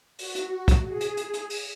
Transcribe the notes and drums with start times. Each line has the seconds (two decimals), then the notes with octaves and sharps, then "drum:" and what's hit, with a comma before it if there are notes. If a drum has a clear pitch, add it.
0.19 F#4, drum: open hi-hat
0.35 drum: hi-hat
0.68 drum: kick, hi-hat
0.88 G#4
1.01 drum: hi-hat
1.17 drum: hi-hat
1.33 drum: hi-hat
1.50 drum: open hi-hat